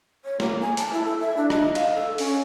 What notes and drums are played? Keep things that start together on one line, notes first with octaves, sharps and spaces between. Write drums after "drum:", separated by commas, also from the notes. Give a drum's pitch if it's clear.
C#5
A#3, drum: snare
G#5
A5, drum: hi-hat
E4
A4
E5
D4
D#5, drum: rim click
F5, drum: cymbal
A4
C#4, drum: open hi-hat